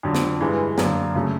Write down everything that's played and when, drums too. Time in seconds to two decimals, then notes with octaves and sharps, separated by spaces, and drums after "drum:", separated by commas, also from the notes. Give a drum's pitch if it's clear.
0.03 F2 D3 F#3
0.15 drum: snare
0.40 G2 E3 G#3
0.78 F#2 D3 F#3 A#3 D4, drum: snare
1.15 C#3 F#3 A3